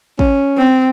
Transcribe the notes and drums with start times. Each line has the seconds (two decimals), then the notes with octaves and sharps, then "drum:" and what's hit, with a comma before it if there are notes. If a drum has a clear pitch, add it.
0.19 C#4, drum: kick
0.58 C4